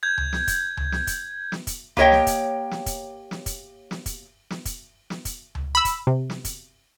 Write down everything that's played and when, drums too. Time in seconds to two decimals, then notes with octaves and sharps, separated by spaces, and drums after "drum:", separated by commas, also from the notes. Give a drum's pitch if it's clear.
0.03 G6 G#6
0.18 drum: tom C#2
0.33 drum: snare
0.47 drum: kick, hi-hat
0.77 drum: tom C#2
0.92 drum: snare
1.07 drum: kick, hi-hat
1.52 drum: snare
1.67 drum: kick, hi-hat
1.97 A#3 G4 C#5 D#5 G5, drum: tom C#2
2.12 drum: snare
2.27 drum: kick, hi-hat
2.71 drum: snare
2.86 drum: kick, hi-hat
3.31 drum: snare
3.46 drum: kick, hi-hat
3.91 drum: snare
4.06 drum: kick, hi-hat
4.50 drum: snare
4.65 drum: kick, hi-hat
5.10 drum: snare
5.25 drum: kick, hi-hat
5.55 drum: tom C#2
5.75 B5 E6
5.85 drum: kick, hi-hat
6.07 C3
6.30 drum: snare
6.45 drum: kick, hi-hat